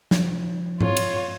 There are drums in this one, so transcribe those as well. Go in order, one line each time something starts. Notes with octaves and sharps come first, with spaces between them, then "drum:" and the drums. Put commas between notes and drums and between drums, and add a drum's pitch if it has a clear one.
F3, drum: snare
F4 C#5, drum: tom G#2
drum: cymbal